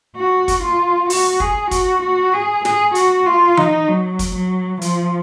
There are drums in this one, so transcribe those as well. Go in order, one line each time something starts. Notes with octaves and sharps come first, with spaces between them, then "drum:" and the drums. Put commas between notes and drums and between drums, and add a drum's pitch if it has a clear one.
F#4
drum: kick, hi-hat
F4
F#4, drum: open hi-hat
G#4, drum: kick
F#4, drum: kick, hi-hat
F#4
G#4
G#4, drum: snare
F#4, drum: hi-hat
F4
D#4, drum: tom E3
F#3
drum: kick, hi-hat
F#3
F3, drum: hi-hat